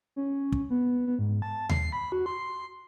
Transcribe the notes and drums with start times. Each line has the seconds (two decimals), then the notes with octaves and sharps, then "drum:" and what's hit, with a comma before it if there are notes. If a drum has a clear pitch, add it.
0.16 C#4
0.52 drum: kick
0.70 B3
1.07 B3
1.19 G#2
1.42 A5
1.69 C7, drum: tom D#2
1.92 B5
2.12 F#4
2.26 C6